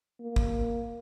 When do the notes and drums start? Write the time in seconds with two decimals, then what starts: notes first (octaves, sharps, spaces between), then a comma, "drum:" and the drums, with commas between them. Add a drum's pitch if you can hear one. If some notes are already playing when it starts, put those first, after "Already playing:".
0.21 A#3
0.36 drum: kick